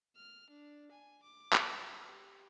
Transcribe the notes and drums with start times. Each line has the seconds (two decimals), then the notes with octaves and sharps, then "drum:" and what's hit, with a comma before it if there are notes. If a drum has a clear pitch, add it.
0.17 F6
0.50 D4
0.92 G#5
1.23 D6
1.53 drum: clap
1.69 E6
2.09 G4